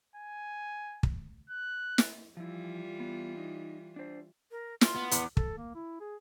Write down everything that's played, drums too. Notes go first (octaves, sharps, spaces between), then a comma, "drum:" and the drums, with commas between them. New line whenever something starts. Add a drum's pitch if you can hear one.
G#5
drum: kick
F#6
drum: snare
E3 F3 G3 E4 F4
B3
D#4
D4 C5
A#4
F4 C6, drum: snare
B3
E2 D6, drum: hi-hat
A4, drum: kick
A#3
E4
G#4